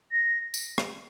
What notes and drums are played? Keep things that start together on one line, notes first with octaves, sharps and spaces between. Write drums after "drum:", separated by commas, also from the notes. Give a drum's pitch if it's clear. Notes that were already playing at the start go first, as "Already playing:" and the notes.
A#6
drum: tambourine
drum: rim click